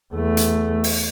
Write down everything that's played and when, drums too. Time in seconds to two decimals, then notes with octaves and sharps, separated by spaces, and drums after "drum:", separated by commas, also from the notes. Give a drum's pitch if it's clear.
0.13 E2 A3
0.37 drum: hi-hat
0.84 drum: open hi-hat